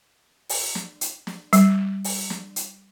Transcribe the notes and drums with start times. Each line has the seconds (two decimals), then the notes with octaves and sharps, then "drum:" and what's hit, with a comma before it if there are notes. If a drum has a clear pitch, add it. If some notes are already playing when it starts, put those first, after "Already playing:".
0.49 drum: open hi-hat
0.75 drum: snare
1.01 drum: hi-hat
1.27 drum: snare
1.53 G3, drum: hi-hat
2.04 drum: open hi-hat
2.30 drum: snare
2.56 drum: hi-hat